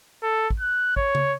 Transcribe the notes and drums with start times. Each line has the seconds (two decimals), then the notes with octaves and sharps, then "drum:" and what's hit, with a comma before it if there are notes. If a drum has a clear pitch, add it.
0.23 A4
0.50 drum: kick
0.60 F#6
0.97 C#5, drum: kick
1.15 drum: tom C#3